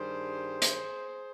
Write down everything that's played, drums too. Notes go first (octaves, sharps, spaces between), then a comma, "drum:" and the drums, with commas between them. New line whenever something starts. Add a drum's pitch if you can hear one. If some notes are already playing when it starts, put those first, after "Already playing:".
Already playing: G2 D#3 G3 G#4 C5
drum: hi-hat